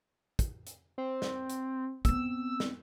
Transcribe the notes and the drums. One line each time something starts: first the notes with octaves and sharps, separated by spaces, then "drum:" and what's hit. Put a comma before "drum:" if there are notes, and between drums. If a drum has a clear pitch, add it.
drum: kick, hi-hat
drum: hi-hat
C4
drum: snare
drum: hi-hat
B3 C4 E6, drum: kick, hi-hat
drum: snare